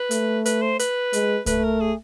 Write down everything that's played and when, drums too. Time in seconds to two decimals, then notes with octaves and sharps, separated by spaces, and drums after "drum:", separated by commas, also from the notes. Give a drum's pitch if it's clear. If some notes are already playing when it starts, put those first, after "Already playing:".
Already playing: B4
0.11 A3, drum: hi-hat
0.46 B4, drum: hi-hat
0.62 C5
0.79 B4, drum: hi-hat
1.13 G#3, drum: hi-hat
1.46 A3 B4, drum: kick C2, hi-hat
1.64 A#4
1.81 G#4